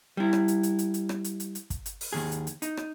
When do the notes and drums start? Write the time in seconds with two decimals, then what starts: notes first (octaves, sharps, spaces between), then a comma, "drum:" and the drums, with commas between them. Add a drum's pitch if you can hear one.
0.17 G3 E4
0.33 drum: rim click
0.48 drum: hi-hat
0.63 drum: hi-hat
0.79 drum: hi-hat
0.94 drum: hi-hat
1.09 drum: rim click
1.24 drum: hi-hat
1.40 drum: hi-hat
1.55 drum: hi-hat
1.70 drum: kick, hi-hat
1.86 drum: hi-hat
2.01 drum: open hi-hat
2.13 D#2 G#2 G#4
2.31 drum: hi-hat
2.47 drum: hi-hat
2.62 D#4, drum: hi-hat
2.77 drum: rim click